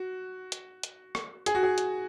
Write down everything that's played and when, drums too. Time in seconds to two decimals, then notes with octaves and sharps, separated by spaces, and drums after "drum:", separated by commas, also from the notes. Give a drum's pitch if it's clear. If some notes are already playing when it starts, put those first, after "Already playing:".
Already playing: F#4
0.52 drum: hi-hat
0.83 drum: hi-hat
1.15 drum: rim click
1.46 G#4, drum: hi-hat
1.55 F#4
1.63 G#4
1.78 drum: hi-hat